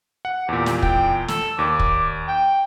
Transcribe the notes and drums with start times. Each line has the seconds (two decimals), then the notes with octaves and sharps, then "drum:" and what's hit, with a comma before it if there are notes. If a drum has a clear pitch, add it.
0.25 F#5
0.49 E2 A#2 G4
0.66 drum: snare
0.82 G5, drum: kick
1.28 A4, drum: snare
1.59 D#2 D5
1.80 drum: kick
2.28 G5